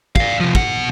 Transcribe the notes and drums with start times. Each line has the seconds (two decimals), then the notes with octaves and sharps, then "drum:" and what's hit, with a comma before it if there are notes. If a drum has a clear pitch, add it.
0.16 D5 F5, drum: kick
0.40 C3 F3
0.55 B2 F#5, drum: kick